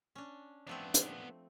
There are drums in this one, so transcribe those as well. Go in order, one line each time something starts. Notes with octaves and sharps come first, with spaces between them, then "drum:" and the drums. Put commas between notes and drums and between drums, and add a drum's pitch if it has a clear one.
C#4 D4
F3 A3 B3 C4 D4
drum: hi-hat